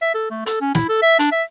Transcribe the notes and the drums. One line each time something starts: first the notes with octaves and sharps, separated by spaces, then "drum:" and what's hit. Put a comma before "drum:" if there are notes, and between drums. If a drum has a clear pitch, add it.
E5
A4
A3
A4, drum: hi-hat
C#4
E4, drum: snare
A4
E5
D4, drum: hi-hat
E5